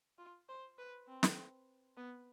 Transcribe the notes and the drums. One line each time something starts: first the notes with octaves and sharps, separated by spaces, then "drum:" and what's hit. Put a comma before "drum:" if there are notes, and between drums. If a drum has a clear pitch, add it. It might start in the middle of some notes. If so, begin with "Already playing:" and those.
F4
C5
B4
C4
drum: snare
B3